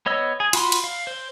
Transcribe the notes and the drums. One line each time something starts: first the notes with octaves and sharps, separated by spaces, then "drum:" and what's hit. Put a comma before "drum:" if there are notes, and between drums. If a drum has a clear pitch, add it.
B3 C#5 D#5 E6
G#4
F4 F#4 B5 C6, drum: cymbal
drum: cymbal
F5
C5